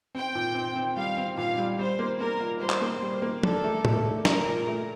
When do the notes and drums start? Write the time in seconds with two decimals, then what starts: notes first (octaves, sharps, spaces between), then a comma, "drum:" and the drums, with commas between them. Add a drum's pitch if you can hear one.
0.15 C4 G5
0.35 A#2
0.55 C4
0.75 C4
0.97 G3 F5
1.17 C4
1.37 A#2 F5
1.58 G3
1.79 G3 C5
1.99 A#3
2.20 A#3 A#4
2.40 F4
2.61 G3 C5
2.70 drum: clap
2.81 A#3
3.02 G3
3.22 A#3
3.43 D4 A4, drum: tom
3.64 A3
3.85 A3, drum: tom A2
4.05 A3
4.25 D4 A#4, drum: snare
4.46 A#2
4.67 A3